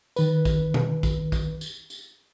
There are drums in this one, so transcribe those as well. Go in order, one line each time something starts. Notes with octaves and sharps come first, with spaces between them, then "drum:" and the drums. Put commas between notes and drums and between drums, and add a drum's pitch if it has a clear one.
D#3 B4, drum: tambourine
drum: kick, tambourine
drum: tom B2
drum: kick, tambourine
drum: kick, tambourine
drum: tambourine
drum: tambourine